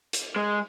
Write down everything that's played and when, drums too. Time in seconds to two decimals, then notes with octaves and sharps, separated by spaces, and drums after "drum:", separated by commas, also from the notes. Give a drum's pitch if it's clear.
0.13 drum: hi-hat
0.36 G#3